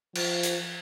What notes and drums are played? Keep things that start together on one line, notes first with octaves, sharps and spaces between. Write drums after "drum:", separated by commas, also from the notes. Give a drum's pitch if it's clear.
F3, drum: cymbal
drum: hi-hat